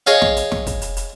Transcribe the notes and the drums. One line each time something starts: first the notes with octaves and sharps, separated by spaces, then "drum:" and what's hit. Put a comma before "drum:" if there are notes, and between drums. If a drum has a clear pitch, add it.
G#4 C#5 D#5 F5, drum: hi-hat
drum: snare
drum: hi-hat
drum: snare
drum: kick, hi-hat
drum: hi-hat
drum: hi-hat